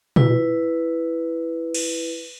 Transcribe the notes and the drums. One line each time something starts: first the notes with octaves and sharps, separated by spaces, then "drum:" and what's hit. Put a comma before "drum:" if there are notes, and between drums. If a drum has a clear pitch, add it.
E4 B4, drum: tom A#2
drum: cymbal